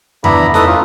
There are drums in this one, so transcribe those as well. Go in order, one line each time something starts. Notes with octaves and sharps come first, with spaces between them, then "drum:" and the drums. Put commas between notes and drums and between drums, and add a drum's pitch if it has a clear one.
B3 D4 E4 A#5 B5, drum: tom E2
A3 D#4 A4 B4 D#6, drum: snare E4
C#4 F4